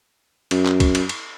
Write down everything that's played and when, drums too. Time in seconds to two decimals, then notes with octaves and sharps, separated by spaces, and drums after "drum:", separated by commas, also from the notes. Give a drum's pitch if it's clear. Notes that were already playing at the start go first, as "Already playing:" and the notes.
0.51 F#2, drum: cymbal
0.66 drum: clap
0.80 drum: kick, cymbal
0.95 drum: cymbal
1.09 drum: cymbal